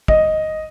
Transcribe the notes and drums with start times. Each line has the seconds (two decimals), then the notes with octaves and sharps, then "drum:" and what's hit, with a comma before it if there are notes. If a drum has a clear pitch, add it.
0.08 D#5, drum: kick